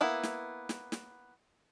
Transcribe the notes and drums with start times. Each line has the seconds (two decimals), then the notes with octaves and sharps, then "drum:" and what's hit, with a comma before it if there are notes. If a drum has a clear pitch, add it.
0.01 A#3 B3 E4
0.23 drum: snare
0.69 drum: snare
0.92 drum: snare